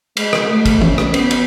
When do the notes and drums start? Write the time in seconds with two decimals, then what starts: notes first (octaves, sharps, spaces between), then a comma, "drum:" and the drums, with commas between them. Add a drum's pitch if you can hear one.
0.17 G#3, drum: cymbal
0.33 drum: rim click
0.49 A3
0.65 drum: kick, cymbal
0.82 C#4, drum: tom
0.98 drum: rim click
1.14 B3, drum: cymbal
1.31 drum: cymbal